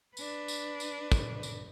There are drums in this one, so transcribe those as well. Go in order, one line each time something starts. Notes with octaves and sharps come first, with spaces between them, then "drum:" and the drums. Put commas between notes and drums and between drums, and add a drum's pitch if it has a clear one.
D4 B4, drum: tambourine
drum: tambourine
drum: tambourine
drum: kick, tambourine
drum: tambourine